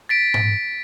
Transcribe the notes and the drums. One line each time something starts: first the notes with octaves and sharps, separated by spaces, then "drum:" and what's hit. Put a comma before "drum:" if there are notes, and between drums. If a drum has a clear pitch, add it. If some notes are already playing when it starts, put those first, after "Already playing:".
A6 B6 D7
drum: tom G#2